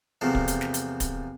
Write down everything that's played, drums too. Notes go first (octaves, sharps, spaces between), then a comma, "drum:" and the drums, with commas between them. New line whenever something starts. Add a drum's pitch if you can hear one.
E2 C3 F3 A3
drum: kick
drum: hi-hat
drum: snare
drum: hi-hat
drum: kick, hi-hat